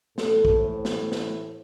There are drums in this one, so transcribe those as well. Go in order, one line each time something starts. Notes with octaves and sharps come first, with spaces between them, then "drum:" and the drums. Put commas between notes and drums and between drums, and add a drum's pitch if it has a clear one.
A2 E3 A4, drum: snare
drum: kick
C5
drum: snare
drum: snare